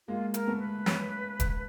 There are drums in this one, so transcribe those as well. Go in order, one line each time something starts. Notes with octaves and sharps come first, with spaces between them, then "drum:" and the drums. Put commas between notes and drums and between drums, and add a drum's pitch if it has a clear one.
G#3 A#3 F4
A#4, drum: hi-hat
A3 B3
B4
B3 C#4, drum: snare
drum: kick, hi-hat